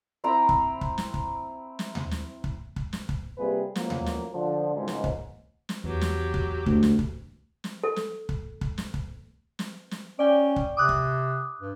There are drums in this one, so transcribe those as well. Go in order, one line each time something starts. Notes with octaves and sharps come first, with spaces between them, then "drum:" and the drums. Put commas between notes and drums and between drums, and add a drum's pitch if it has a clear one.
C4 E4 G5 A#5
drum: kick
drum: kick
drum: snare
drum: kick
drum: snare
drum: tom D2
drum: snare
drum: kick
drum: kick
drum: snare
drum: kick
C3 G3 A#3 F4 G#4 B4
A1 F3 F#3 A#3, drum: snare
drum: tom D2
drum: snare
D3 F3
G#1 C#2 G#2
drum: snare
drum: kick
drum: snare
E2 F#3 G4
drum: snare
drum: kick
D2, drum: kick
drum: snare
drum: kick
drum: snare
A4
drum: snare
drum: kick
drum: kick
drum: snare
drum: kick
drum: snare
drum: snare
C#4 D5 G5
drum: kick
C3 D6 D#6 F#6
drum: kick
G2